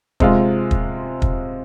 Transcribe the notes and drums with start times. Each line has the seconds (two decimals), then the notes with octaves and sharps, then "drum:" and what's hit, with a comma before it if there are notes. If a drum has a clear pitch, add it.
0.20 C3 G#3 F4, drum: kick
0.71 drum: kick
1.22 drum: kick